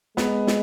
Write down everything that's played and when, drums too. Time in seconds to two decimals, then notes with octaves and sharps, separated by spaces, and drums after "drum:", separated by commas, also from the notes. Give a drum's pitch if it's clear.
0.17 G#3 B3, drum: snare
0.47 drum: snare